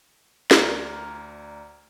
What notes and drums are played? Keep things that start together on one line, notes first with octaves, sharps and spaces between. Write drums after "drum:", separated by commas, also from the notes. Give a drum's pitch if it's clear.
D2 D5 A#5 C6 F6 G#6, drum: snare